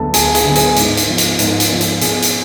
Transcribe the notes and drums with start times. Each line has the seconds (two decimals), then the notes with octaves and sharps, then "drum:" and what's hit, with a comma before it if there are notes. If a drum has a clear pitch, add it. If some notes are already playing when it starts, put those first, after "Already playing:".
Already playing: D2 D3 F#3 B3 A4 A5
0.14 D2 G#4 G#5, drum: hi-hat
0.35 G#4 G#5, drum: hi-hat
0.45 D3 F#3 B3
0.55 G#4 G#5, drum: hi-hat
0.76 G#2, drum: hi-hat
0.97 drum: hi-hat
1.08 F3 B3
1.18 drum: hi-hat
1.39 G#2, drum: hi-hat
1.60 drum: hi-hat
1.70 F3 B3
1.81 drum: hi-hat
2.01 B2 G#4 G#5, drum: hi-hat
2.22 drum: hi-hat